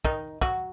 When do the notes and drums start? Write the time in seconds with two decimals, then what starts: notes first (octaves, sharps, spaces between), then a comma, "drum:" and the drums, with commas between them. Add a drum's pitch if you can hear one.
0.05 D#3 D#4, drum: kick
0.41 F#3 F#4, drum: kick